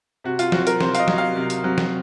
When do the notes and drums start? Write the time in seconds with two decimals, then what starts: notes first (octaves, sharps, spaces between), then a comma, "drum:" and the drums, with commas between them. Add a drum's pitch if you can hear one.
0.24 C3 F#4
0.39 F4, drum: hi-hat
0.52 F#3 C4 F#4, drum: snare
0.67 A#4, drum: hi-hat
0.81 C3 C5, drum: snare
0.95 F5, drum: hi-hat
0.99 D#5
1.08 F#3 C4, drum: snare
1.18 F5
1.36 C3
1.50 drum: hi-hat
1.64 F#3 C4
1.78 drum: snare